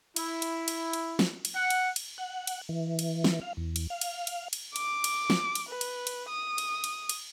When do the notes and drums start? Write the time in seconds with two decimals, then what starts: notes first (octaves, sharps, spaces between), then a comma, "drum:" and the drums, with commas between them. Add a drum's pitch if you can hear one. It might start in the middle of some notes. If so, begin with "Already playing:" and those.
0.16 E4, drum: cymbal
0.42 drum: cymbal
0.68 drum: cymbal
0.93 drum: cymbal
1.19 drum: snare
1.45 drum: cymbal
1.54 F#5
1.70 drum: cymbal
1.96 drum: cymbal
2.18 F#5
2.47 drum: cymbal
2.69 E3
2.99 drum: cymbal
3.24 drum: snare
3.42 F5
3.57 E2
3.76 drum: cymbal
3.90 F5
4.01 drum: cymbal
4.27 drum: cymbal
4.53 drum: cymbal
4.76 D6, drum: cymbal
5.04 drum: cymbal
5.30 drum: snare
5.55 drum: cymbal
5.69 B4
5.81 drum: cymbal
6.07 drum: cymbal
6.29 D#6
6.58 drum: cymbal
6.84 drum: cymbal
7.09 drum: cymbal